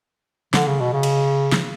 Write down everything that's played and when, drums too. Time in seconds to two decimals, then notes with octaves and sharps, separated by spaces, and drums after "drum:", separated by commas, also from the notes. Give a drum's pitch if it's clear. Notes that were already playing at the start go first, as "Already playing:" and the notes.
0.54 D3, drum: snare
0.67 C#3
0.80 B2
0.93 C#3
1.03 drum: cymbal
1.52 drum: snare